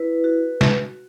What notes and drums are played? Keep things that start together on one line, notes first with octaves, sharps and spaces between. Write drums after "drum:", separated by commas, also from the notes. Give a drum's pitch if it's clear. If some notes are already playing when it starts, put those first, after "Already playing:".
Already playing: E4 B4
F#4
F#4, drum: snare